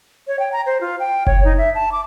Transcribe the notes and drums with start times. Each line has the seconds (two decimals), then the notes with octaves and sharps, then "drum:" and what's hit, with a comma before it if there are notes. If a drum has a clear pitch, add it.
0.27 C#5
0.39 G5
0.52 A#5
0.66 C5
0.81 F4
1.00 G5
1.27 C#5, drum: kick F#1
1.45 D#4
1.58 E5
1.75 A5
1.92 D6